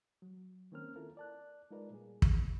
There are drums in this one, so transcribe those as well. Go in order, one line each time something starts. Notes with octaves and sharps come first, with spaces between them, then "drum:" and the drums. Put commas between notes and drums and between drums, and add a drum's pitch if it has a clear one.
F#3
D#3 A#3 C4 C#4 A#4 F6
C4 E4 F4 A4 A#4
D5 A5 F#6
G#3 D#4 F4 A#4 B4 D5
A#2 G3 G#4
drum: kick